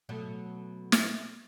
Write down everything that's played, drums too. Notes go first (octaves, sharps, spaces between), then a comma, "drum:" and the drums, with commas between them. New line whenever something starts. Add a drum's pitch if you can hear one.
B2 F#3 A3
drum: snare